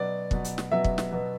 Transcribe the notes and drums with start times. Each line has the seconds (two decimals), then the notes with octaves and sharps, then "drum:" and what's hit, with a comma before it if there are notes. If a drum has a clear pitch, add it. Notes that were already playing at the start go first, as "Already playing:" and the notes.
Already playing: B2 F#3 B3 D5
0.31 B2 F#3 B3, drum: kick
0.44 drum: hi-hat
0.58 drum: snare
0.71 B2 F#3 B3 E5
0.84 drum: kick
0.98 drum: snare
1.11 B2 F#3 B3